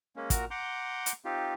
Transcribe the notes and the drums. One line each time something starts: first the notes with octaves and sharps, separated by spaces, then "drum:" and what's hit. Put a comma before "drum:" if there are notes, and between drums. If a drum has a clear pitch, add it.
G#3 A#3 C#4
A#2 F#4 A#4 A#5, drum: kick, hi-hat
F#5 A#5 C6 D6 G6
drum: hi-hat
C4 D#4 F4 G4